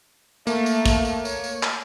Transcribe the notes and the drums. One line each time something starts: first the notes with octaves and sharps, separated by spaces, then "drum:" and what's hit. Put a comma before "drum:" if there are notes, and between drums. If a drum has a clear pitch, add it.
A3 A#3, drum: tambourine
drum: tambourine
drum: kick, tambourine
drum: tambourine
C#5, drum: tambourine
drum: tambourine
drum: clap